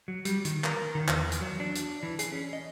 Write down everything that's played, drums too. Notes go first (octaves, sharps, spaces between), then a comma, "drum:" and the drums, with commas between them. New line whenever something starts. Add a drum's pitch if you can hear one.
F#3
G3, drum: hi-hat
D#3, drum: hi-hat
A#4, drum: clap
D#3
E2, drum: clap
drum: hi-hat
F#3
D4
drum: hi-hat
E3
G#4, drum: hi-hat
C#4
D#5